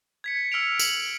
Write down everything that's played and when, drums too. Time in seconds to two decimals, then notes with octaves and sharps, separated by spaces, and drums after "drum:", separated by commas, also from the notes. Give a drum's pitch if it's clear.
0.24 G#6 B6 C#7
0.52 E6 F6 B6 C#7 D7 F7
0.79 F#7, drum: tambourine